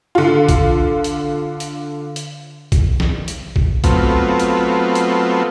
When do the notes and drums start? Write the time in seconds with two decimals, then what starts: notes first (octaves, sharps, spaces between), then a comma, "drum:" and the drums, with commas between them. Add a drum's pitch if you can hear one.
0.15 D3 F4
0.49 drum: kick, hi-hat
1.04 drum: hi-hat
1.60 drum: hi-hat
2.16 drum: hi-hat
2.72 drum: kick, hi-hat
3.00 drum: snare
3.28 drum: hi-hat
3.56 drum: kick
3.84 F#3 A3 B3 C4 F4, drum: kick, hi-hat
4.40 drum: hi-hat
4.95 drum: hi-hat